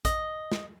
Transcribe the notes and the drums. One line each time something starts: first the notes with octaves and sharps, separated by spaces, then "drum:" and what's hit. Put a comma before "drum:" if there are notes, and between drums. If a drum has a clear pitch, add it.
D#5, drum: kick A1, hi-hat
drum: snare